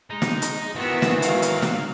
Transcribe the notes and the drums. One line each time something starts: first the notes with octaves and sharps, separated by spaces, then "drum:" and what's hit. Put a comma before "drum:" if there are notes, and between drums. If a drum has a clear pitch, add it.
G#3 D#4
drum: snare
drum: hi-hat
D#3 E3 B3 C4 F#4 E5
drum: snare
F#3 G#3 F5, drum: hi-hat
drum: hi-hat
drum: snare